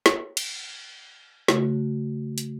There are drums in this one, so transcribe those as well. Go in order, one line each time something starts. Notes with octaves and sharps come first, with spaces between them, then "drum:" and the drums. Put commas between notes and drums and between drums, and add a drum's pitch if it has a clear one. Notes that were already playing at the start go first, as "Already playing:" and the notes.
drum: snare
drum: cymbal
C#3 A3 F#4, drum: snare
drum: hi-hat